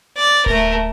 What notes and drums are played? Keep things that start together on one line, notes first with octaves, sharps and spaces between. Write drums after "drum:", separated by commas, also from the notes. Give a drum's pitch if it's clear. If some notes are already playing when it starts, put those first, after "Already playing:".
D5
A3 A#4, drum: kick D1